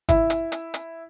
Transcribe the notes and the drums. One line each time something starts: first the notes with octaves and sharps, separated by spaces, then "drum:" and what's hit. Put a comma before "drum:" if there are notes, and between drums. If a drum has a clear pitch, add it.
E4, drum: kick, hi-hat
drum: hi-hat
drum: hi-hat
drum: hi-hat